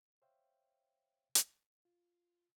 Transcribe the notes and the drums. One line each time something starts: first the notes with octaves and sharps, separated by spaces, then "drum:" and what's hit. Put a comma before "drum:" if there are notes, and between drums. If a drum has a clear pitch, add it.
C5 C#5 E5 F5 G5
drum: hi-hat
F4